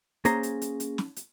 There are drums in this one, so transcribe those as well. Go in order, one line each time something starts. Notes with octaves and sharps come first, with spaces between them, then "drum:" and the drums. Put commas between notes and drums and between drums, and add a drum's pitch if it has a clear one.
A#3 C#4 G#4 C5 A#5, drum: hi-hat
drum: hi-hat
drum: hi-hat
drum: hi-hat
drum: snare
drum: hi-hat